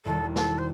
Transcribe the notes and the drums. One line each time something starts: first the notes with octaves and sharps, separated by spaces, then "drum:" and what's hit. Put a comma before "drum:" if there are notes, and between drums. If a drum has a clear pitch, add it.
E1 E2 D#3 G3 A4
A4, drum: snare
C5